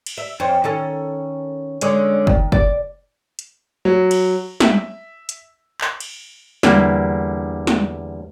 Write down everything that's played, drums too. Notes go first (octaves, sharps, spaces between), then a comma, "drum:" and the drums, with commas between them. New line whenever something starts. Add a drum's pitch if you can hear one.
drum: cymbal
E5
F2 C#4 C5
D#3 C#4 A4
D3 G#3 C#4, drum: hi-hat
D#3, drum: kick
D5, drum: kick
drum: hi-hat
F#3
drum: cymbal
E5, drum: snare
drum: hi-hat
drum: clap
drum: cymbal
E2 D3 G3 A#3 E4, drum: snare
drum: snare